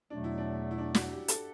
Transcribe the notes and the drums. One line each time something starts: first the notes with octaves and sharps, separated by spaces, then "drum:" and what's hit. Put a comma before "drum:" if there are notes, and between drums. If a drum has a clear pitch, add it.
E2 B2 F#3 A3 D4
E4
D4
E4
D4
F#4, drum: snare
G4
A4, drum: hi-hat